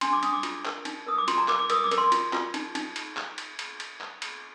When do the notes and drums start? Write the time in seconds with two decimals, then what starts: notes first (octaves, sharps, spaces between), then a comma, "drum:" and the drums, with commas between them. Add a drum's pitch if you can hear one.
0.01 D4 C6, drum: cymbal
0.13 D6
0.23 D4 D#6, drum: cymbal
0.33 D6
0.43 F4, drum: cymbal
0.65 A#4, drum: clap
0.85 D#4, drum: cymbal
1.07 A#4 D#6
1.18 D6
1.28 F4 C6, drum: cymbal
1.38 A#5
1.48 A#4 D6, drum: clap
1.59 D6
1.70 A#4 D#6, drum: cymbal
1.84 D6
1.91 A#4, drum: cymbal
1.98 C6
2.12 F4, drum: cymbal
2.33 F4, drum: clap
2.54 D#4, drum: cymbal
2.75 D#4, drum: cymbal
2.96 drum: cymbal
3.17 drum: clap
3.38 drum: cymbal
3.59 drum: cymbal
3.80 drum: cymbal
4.01 drum: clap
4.22 drum: cymbal